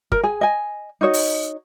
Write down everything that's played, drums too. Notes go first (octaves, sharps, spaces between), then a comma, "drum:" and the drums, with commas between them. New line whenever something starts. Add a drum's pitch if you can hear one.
A#4, drum: kick
G#4 G#5
D#5 G#5
D#4 F#4 C#5 D#5
drum: open hi-hat